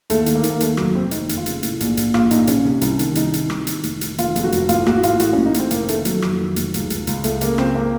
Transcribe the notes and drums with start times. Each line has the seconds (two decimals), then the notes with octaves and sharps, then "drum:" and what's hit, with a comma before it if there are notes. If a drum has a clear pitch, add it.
0.10 D#2 A3, drum: hi-hat
0.26 D#3, drum: hi-hat
0.35 A#3
0.43 D#3, drum: hi-hat
0.50 A#3
0.60 D#2 A3, drum: hi-hat
0.77 F1 F#3, drum: rim click
0.95 F1 C4
1.11 D#2 D#4, drum: hi-hat
1.29 F1, drum: hi-hat
1.37 F4
1.46 C#3, drum: hi-hat
1.63 A2, drum: hi-hat
1.80 A#1, drum: hi-hat
1.97 A#1, drum: hi-hat
2.14 A#1 F4, drum: rim click
2.31 A#1 D#4, drum: hi-hat
2.47 A#1 C#4, drum: hi-hat
2.65 C3
2.81 C2, drum: hi-hat
2.99 D#3, drum: hi-hat
3.15 C2 D#4, drum: hi-hat
3.34 C3, drum: hi-hat
3.50 C2, drum: rim click
3.67 D#3, drum: hi-hat
3.83 F1, drum: hi-hat
4.01 D#3, drum: hi-hat
4.18 F1 F4, drum: hi-hat
4.36 F2, drum: hi-hat
4.44 F#4
4.52 F1, drum: hi-hat
4.69 A1 F4, drum: hi-hat
4.86 A1 F#4, drum: rim click
5.03 A1 F4, drum: hi-hat
5.20 A2 F#4, drum: hi-hat
5.33 C#4
5.37 A1
5.46 D#4
5.54 A2 C4, drum: hi-hat
5.71 F1 A#3, drum: hi-hat
5.89 D#3 A3, drum: hi-hat
6.05 F2 F#3, drum: hi-hat
6.22 F2, drum: rim click
6.39 D#3
6.56 F1, drum: hi-hat
6.74 C#2, drum: hi-hat
6.90 C#2, drum: hi-hat
7.07 C#2, drum: hi-hat
7.24 C#2 A3, drum: hi-hat
7.41 C#3 A#3, drum: hi-hat
7.58 C#2 C4, drum: rim click
7.75 A#3